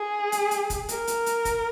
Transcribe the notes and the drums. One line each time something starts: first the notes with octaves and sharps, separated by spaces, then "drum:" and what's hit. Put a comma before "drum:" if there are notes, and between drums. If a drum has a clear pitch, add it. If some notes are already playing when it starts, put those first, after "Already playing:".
Already playing: G#4
drum: hi-hat
drum: hi-hat
drum: kick, hi-hat
A#4, drum: hi-hat
drum: hi-hat
drum: hi-hat
drum: kick, hi-hat